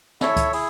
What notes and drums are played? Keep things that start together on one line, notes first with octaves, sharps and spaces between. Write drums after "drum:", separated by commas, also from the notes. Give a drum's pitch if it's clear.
E4 A4 C#5 E5, drum: snare
drum: kick C#2, hi-hat
E4 G#4, drum: open hi-hat